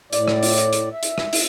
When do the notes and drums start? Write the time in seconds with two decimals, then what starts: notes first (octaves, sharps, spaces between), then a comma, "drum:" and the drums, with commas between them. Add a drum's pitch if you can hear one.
0.13 A2 D5, drum: hi-hat
0.28 drum: rim click
0.43 drum: open hi-hat
0.58 drum: hi-hat
0.73 drum: hi-hat
0.92 E5
1.03 drum: hi-hat
1.18 drum: rim click
1.33 drum: open hi-hat